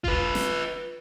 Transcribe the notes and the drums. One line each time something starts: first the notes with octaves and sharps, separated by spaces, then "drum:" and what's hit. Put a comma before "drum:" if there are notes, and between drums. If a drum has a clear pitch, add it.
F4 B4, drum: kick F1
drum: snare